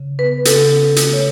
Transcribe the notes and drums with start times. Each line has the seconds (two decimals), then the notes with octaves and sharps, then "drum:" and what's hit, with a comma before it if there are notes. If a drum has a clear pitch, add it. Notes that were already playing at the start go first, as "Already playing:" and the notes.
Already playing: C#3
0.19 B3 B4
0.45 C#3 A4, drum: hi-hat
0.71 C#4
0.96 A3, drum: hi-hat
1.13 C#5